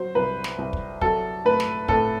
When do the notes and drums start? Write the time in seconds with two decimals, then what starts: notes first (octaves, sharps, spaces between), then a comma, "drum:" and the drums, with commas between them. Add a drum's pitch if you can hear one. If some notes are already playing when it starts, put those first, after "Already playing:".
Already playing: F#3 C5
0.15 C2 B4
0.44 drum: snare
0.58 C2
0.73 drum: kick
1.01 F#3 A4, drum: kick
1.45 A3 B4
1.60 drum: snare
1.88 A2 A4, drum: kick